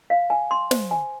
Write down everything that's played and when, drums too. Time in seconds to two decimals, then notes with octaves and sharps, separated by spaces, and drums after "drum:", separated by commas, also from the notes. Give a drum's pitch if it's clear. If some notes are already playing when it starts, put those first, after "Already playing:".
0.10 F5
0.30 G#5
0.51 C6
0.71 C5, drum: snare
0.91 G#5